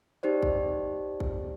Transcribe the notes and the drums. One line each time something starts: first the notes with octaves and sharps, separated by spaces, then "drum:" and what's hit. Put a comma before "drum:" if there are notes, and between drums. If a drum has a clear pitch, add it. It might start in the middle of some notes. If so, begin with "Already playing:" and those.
D#4 G4 C5 D5
drum: kick
drum: kick